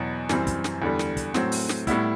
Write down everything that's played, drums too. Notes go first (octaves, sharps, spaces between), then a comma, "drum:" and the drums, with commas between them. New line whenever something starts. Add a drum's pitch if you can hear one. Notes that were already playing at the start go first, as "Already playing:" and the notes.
Already playing: E2 B2 F#3
F#2 E3 G3 C4, drum: snare
drum: kick, hi-hat
drum: snare
E2 D3 G3
drum: snare
drum: kick, hi-hat
A2 F#3 C4, drum: snare
drum: open hi-hat
drum: snare
A2 G3 B3 E4, drum: kick, hi-hat